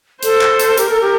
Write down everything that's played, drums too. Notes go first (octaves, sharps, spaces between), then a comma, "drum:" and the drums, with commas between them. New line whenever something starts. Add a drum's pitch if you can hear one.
A4 C5, drum: hi-hat
drum: clap
drum: hi-hat
G4 A#4, drum: hi-hat
A4
G4